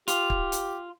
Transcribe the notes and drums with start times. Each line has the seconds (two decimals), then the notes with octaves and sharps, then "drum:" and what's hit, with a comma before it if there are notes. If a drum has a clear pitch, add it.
0.08 F4 G4, drum: hi-hat
0.30 drum: kick
0.52 drum: hi-hat